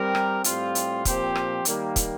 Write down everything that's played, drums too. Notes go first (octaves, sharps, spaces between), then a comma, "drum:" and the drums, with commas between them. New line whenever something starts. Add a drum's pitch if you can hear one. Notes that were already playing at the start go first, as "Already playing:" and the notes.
Already playing: G3 C4 G4 A#4
drum: rim click
A2 G3 C4 F4, drum: hi-hat
drum: hi-hat
A#2 F3 C4 G4 C5, drum: kick, hi-hat
drum: rim click
D#3 G3 A#3, drum: hi-hat
drum: kick, hi-hat